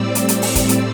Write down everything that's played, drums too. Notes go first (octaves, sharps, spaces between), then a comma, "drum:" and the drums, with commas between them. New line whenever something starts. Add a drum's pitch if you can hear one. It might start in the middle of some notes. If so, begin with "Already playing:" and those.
Already playing: A2 G3 C4 D5 E6
D5, drum: hi-hat
drum: hi-hat
drum: open hi-hat
drum: kick, hi-hat
drum: hi-hat